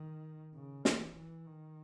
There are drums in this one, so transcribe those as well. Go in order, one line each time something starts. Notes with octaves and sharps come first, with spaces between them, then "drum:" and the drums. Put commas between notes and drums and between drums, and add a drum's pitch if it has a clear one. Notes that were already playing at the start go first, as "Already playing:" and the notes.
Already playing: D#3
C#3
E3, drum: snare
E3
D#3